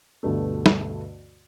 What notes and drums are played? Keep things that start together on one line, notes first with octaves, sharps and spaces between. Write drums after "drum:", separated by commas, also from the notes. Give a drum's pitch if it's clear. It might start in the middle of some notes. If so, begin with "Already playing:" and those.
D2 G2 B2 A3
drum: snare